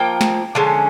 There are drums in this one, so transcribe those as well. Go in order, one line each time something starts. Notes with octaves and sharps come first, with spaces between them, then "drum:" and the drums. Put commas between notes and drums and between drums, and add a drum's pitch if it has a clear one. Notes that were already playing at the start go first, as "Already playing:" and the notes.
Already playing: F3 A#3 G5
drum: snare
D3 F3 G#3 C#4